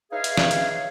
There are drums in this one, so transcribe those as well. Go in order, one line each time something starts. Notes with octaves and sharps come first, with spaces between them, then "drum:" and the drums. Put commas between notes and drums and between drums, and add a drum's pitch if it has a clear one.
D#4 G#4 B4 C#5 E5 F5
drum: hi-hat
drum: snare
drum: hi-hat